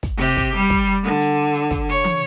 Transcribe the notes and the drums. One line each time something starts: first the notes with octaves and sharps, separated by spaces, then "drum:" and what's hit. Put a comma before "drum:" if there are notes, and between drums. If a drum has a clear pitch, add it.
drum: kick, hi-hat
C3 G4, drum: open hi-hat
drum: kick, hi-hat
G3
drum: kick, hi-hat
drum: hi-hat
D3, drum: hi-hat
drum: hi-hat
drum: hi-hat
drum: kick, hi-hat
C#5, drum: hi-hat
drum: tom